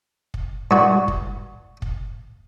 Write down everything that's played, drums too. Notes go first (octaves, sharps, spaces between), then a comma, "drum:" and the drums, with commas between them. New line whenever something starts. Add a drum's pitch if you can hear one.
drum: kick
G2 F#4
drum: kick
drum: kick